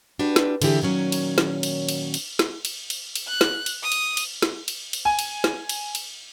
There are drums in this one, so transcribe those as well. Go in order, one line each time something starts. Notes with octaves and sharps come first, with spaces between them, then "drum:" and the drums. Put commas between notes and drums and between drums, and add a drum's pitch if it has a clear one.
D4 F#4 G4 B4
drum: snare
D3 E3 E4 G4 G#4, drum: cymbal
A#2 D#3 F#3 C#4
drum: cymbal
drum: snare
drum: cymbal
drum: cymbal
drum: cymbal
drum: snare
drum: cymbal
drum: cymbal
drum: cymbal
F#6
drum: snare
drum: cymbal
D#6
drum: cymbal
drum: cymbal
drum: snare
drum: cymbal
drum: cymbal
G#5
drum: cymbal
drum: snare
drum: cymbal
drum: cymbal